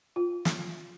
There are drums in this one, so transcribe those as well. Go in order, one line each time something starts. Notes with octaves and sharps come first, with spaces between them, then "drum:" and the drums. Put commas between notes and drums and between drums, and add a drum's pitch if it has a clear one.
F4
drum: snare